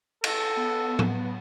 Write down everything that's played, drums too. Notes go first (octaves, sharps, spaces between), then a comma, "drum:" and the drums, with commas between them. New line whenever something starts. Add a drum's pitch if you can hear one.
A4, drum: cymbal
B3
drum: tom